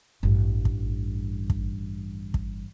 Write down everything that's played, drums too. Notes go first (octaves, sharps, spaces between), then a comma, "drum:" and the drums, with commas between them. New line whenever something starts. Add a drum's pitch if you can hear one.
A1 G2
drum: kick
drum: kick
drum: kick